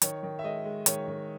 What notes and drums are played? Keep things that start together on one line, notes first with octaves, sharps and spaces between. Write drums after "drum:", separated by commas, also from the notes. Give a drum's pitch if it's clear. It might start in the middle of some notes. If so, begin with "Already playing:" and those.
D#3 C#5, drum: hi-hat
D#3
E5
G#3 D#5
G#3
D#3 C#5, drum: hi-hat
D#3